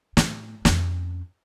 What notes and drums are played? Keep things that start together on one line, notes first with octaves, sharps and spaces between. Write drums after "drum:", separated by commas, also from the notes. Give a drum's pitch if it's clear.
A2, drum: snare
F2 C#4, drum: snare